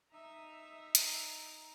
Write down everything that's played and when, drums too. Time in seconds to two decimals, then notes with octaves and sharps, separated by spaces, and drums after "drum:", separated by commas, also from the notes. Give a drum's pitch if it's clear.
0.14 D#4 E5 A#5
0.95 drum: hi-hat